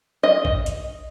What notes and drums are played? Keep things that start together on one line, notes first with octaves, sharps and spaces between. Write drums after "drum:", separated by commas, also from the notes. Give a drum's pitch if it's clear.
D#5
drum: kick A1
drum: hi-hat